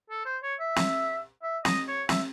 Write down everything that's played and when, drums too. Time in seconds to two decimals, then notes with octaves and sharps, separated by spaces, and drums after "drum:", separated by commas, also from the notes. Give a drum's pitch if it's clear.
0.10 A4
0.26 C5
0.43 C#5
0.60 E5
0.76 drum: snare
1.42 E5
1.65 D#5, drum: snare
1.88 C#5
2.09 E5, drum: snare